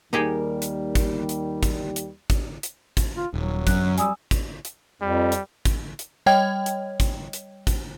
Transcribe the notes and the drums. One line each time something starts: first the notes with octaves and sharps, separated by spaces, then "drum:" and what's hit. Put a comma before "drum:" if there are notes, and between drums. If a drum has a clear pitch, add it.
D#2 D#3 G3 A#3 D#4 G4 G#4 A#4
drum: hi-hat
drum: kick, hi-hat
drum: hi-hat
drum: kick, hi-hat
drum: hi-hat
drum: kick, hi-hat
drum: hi-hat
drum: kick, hi-hat
F4
D#1 F#3
F#2 F#6, drum: kick, hi-hat
G3 G#5 D#6 E6, drum: hi-hat
drum: kick, hi-hat
drum: hi-hat
F2 G3
drum: hi-hat
drum: kick, hi-hat
drum: hi-hat
G3 C#5 D#5 G5 G#6
drum: hi-hat
drum: kick, hi-hat
drum: hi-hat
drum: kick, hi-hat